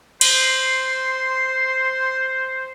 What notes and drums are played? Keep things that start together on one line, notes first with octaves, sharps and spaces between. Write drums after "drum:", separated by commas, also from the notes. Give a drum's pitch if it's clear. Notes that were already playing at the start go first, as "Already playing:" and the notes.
C5 C6, drum: cymbal